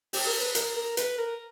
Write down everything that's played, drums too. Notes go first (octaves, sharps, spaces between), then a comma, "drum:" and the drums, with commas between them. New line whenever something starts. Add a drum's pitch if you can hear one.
G4, drum: open hi-hat
A#4
B4
A#4, drum: hi-hat
A#4
B4, drum: hi-hat
A#4